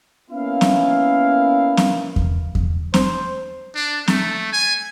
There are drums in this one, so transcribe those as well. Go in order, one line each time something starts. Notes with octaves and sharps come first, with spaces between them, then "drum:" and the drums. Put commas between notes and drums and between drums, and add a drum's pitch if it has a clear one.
A#3 B3 C#4 E4 F5
drum: snare C4
drum: snare C4
drum: kick E2
drum: kick E2
C5, drum: snare C4
D4
A3, drum: snare C4
G#5